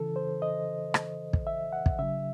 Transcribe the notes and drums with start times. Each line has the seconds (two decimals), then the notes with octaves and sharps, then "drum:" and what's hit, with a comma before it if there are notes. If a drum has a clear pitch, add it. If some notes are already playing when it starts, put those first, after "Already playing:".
Already playing: C#3 E3 A4
0.16 C5
0.42 D#5
0.94 drum: rim click
1.33 drum: kick
1.47 E5
1.72 F#5
1.86 drum: kick
1.99 C#3 F#3 E5